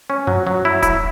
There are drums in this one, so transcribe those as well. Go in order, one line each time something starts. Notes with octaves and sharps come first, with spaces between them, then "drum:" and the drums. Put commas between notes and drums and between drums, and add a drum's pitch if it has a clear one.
C#4
F#3, drum: tom F#2
F#3
E4
E4, drum: kick D#1, hi-hat